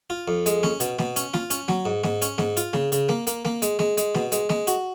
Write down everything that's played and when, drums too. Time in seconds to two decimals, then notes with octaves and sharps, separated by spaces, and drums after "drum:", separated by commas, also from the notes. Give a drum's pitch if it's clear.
0.10 F4
0.28 F2
0.46 G#3, drum: hi-hat
0.63 C#4, drum: snare
0.80 B2, drum: hi-hat
0.99 B2, drum: snare
1.16 C#4, drum: hi-hat
1.34 F4, drum: snare
1.50 C#4, drum: hi-hat
1.68 F#3, drum: snare
1.85 G#2
2.04 G#2, drum: snare
2.22 C#4, drum: hi-hat
2.38 G#2, drum: snare
2.57 F4, drum: hi-hat
2.73 C#3, drum: snare
2.92 C#3, drum: hi-hat
3.09 A#3, drum: snare
3.27 A#3, drum: hi-hat
3.45 A#3, drum: snare
3.62 G#3, drum: hi-hat
3.79 G#3, drum: snare
3.97 G#3, drum: hi-hat
4.15 B2, drum: snare
4.32 G#3, drum: hi-hat
4.49 G#3, drum: snare
4.67 F#4, drum: hi-hat